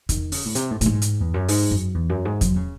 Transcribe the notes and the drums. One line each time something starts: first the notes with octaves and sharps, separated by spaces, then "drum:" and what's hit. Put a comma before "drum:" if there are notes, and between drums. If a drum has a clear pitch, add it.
D#3, drum: kick E2, hi-hat
C#3, drum: open hi-hat
A2
C3, drum: hi-hat
A2
A2, drum: hi-hat
G#2
drum: hi-hat
E2
F#2
G#2, drum: open hi-hat
F#2
E2
F#2
G#2
F#3, drum: kick E2, hi-hat
C#3